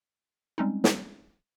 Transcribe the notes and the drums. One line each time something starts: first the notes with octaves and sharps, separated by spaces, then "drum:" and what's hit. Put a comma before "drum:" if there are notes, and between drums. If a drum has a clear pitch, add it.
G3 G#3 C4 C#4 D#4
drum: snare